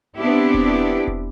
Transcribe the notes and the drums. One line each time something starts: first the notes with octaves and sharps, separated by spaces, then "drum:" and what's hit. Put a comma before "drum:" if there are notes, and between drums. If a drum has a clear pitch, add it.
B3 C4 D4 E4 G4
drum: kick E1
drum: kick E1